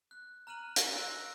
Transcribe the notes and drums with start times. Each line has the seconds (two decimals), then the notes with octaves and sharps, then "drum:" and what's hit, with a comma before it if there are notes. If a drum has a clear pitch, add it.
0.11 F#6
0.47 A#5 F6 F#6 D#7 F#7
0.76 drum: hi-hat
0.94 C6 E6 F#6 A#6